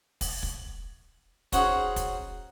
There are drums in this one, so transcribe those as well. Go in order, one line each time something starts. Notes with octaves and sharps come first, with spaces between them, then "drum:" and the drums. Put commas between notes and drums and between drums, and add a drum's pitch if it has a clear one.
drum: kick, open hi-hat
drum: kick
C#4 D#4 F#4 G#4 C5 F#5, drum: kick, hi-hat
drum: kick, hi-hat